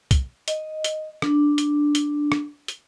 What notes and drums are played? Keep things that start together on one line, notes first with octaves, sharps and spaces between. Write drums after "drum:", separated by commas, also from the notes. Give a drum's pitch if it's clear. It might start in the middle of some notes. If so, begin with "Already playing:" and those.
drum: kick, hi-hat
D#5, drum: hi-hat
drum: hi-hat
D4, drum: rim click
drum: hi-hat
drum: hi-hat
drum: rim click
drum: hi-hat